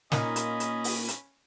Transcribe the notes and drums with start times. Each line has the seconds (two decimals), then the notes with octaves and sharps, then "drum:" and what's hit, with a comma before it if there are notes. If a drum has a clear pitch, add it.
0.12 A#2 A#3 C#4 D#4 D#5 B5, drum: snare
0.36 drum: hi-hat
0.60 drum: hi-hat
0.84 drum: open hi-hat
1.08 drum: hi-hat